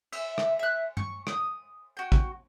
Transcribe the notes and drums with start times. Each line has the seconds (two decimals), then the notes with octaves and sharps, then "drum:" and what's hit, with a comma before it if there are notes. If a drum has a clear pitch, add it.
0.12 E5, drum: cymbal
0.38 drum: rim click
0.59 E5 F#6
0.97 C#6, drum: tom
1.27 D#6, drum: rim click
1.97 F#4 G5
2.12 drum: kick